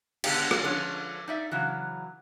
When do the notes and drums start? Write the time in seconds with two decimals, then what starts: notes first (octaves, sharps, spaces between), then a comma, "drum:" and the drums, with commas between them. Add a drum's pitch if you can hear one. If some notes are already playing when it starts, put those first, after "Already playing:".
0.24 D3 G#3 B3 D4 G4, drum: cymbal
0.51 F4 A#4 D5, drum: rim click
0.64 D3 F3 G#3 C#4 B4 C#5
1.28 D#4 D5 E5
1.52 C#3 E3 F#3